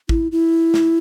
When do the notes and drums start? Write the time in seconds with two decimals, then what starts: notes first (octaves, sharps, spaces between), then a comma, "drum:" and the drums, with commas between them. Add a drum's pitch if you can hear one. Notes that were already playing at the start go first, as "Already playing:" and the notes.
0.09 E4, drum: kick
0.32 E4
0.74 drum: snare